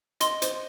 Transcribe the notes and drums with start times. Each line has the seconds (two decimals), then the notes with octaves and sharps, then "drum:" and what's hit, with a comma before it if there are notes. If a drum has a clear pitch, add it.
0.20 D#5 C6, drum: hi-hat
0.42 C5, drum: hi-hat